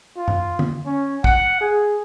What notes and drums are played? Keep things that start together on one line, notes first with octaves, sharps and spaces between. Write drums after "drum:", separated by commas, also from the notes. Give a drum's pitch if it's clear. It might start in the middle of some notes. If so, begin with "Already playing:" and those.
F4
drum: tom F#2
drum: tom
C#4
F#5, drum: kick
G#4